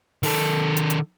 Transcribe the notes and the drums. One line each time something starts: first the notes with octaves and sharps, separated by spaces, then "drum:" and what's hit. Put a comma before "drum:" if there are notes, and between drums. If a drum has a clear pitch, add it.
D#3 A4, drum: open hi-hat
drum: hi-hat
drum: hi-hat